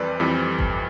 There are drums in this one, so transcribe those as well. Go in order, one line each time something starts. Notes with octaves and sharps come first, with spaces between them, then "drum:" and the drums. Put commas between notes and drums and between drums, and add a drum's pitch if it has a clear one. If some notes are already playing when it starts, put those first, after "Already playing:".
Already playing: F2 E3 G3 A4 B4 C5 D5
F2 E3 G3
drum: kick G1